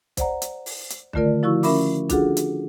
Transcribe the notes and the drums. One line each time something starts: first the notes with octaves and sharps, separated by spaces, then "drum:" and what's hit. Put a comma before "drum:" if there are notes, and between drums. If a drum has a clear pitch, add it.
C5 D5 F#5 A#5, drum: kick B1, hi-hat
drum: hi-hat
drum: open hi-hat
drum: hi-hat
D3 D#3 A3 F4 A#4 D5, drum: kick B1
F3 E4 F#4 C#6 E6
C#4 A#4 E5 B5 D6, drum: open hi-hat
D4 F4 F#4 G#4 A4 F#5, drum: kick B1, hi-hat
drum: hi-hat